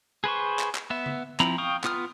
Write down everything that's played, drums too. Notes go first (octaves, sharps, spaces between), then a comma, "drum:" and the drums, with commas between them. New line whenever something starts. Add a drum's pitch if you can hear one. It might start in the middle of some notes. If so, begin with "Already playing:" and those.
G#4 B4 C5 C#6
drum: clap
drum: clap
B3 E5
drum: tom C#3
F3 C4 E4 A#5 B5, drum: clap
F5 G5 C#6 D#6
B3 F4 D#6 F6, drum: clap